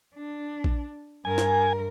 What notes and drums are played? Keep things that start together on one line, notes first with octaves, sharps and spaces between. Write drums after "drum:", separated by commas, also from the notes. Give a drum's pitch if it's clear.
D4
drum: kick A#1
G2 A#4 G#5
drum: snare